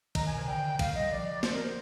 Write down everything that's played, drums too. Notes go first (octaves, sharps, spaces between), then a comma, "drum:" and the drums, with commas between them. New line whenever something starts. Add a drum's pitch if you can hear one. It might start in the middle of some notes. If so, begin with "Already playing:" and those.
D#3 A#5, drum: kick, cymbal
G#5
A#2
C3 G#5
D3 G5
F5, drum: kick, cymbal
G3 D#5
F3 D5
C5, drum: snare
A#4
C5